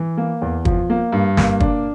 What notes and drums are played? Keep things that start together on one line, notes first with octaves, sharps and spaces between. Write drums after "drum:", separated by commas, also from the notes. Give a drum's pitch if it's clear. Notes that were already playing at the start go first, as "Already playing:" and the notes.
Already playing: E3
A#3
E2
F3, drum: kick
A#3
G2
A#3, drum: snare
D4, drum: kick